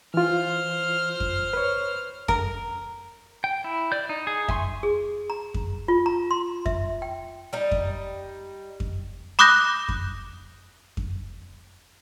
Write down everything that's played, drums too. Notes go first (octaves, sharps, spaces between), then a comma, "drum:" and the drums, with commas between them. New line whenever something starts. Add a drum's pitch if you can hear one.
E3 F4 C5 F6
drum: kick F2
B4 C#5
A#4, drum: kick F2
G5
E4
D5 G6
D#4
G#4
E5 G#5 C6 C#6, drum: kick F2
G#4
A#5
drum: kick F2
F4
A#5
C6
E5, drum: kick F2
G5
G3 D#4
drum: kick F2
drum: kick F2
B5 D6 D#6 F#6 G6 A#6
drum: kick F2
drum: kick F2